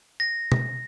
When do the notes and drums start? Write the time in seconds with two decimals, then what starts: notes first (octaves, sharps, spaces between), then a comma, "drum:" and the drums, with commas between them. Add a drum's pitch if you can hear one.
0.20 A#6
0.52 drum: tom